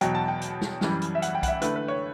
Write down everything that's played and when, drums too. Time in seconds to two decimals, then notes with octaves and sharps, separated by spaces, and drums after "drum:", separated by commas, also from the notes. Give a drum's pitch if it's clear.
0.01 E2 B2 F#3 G5, drum: hi-hat
0.15 A5
0.28 G5
0.41 drum: hi-hat
0.62 drum: snare
0.81 F#2 E3 G3, drum: snare
1.02 drum: hi-hat
1.15 E5
1.22 F#5, drum: hi-hat
1.35 G5
1.43 F#5, drum: kick B1, hi-hat
1.48 E5
1.62 D3 A3 E4 B4, drum: hi-hat
1.76 B4
1.88 C#5